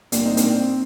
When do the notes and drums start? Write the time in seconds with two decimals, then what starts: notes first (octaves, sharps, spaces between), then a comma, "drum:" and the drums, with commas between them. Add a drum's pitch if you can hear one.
0.12 A#2 G3 A#3 D4, drum: hi-hat
0.25 C4 D#4
0.37 A#3 D4, drum: hi-hat
0.49 C4